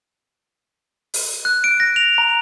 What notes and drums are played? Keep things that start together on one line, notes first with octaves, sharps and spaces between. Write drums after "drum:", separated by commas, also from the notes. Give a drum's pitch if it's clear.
drum: open hi-hat
F#6
D7
A#6
F7
A#5